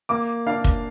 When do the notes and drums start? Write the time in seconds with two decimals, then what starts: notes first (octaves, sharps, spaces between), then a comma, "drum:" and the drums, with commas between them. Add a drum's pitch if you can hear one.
0.09 A#3 D6
0.47 D4 F5
0.64 drum: kick